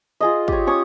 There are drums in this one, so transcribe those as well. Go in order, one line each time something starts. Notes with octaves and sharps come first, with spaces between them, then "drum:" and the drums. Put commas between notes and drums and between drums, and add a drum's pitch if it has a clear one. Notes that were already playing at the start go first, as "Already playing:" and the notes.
F4 G#4 D#5
G4 C#5, drum: kick
C#4 C#5 C#6 D#6